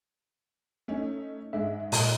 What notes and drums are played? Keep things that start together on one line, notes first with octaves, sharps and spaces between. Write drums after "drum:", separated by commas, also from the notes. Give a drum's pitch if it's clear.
A3 C#4 D#4
G#2 G#3 E5
A#2, drum: open hi-hat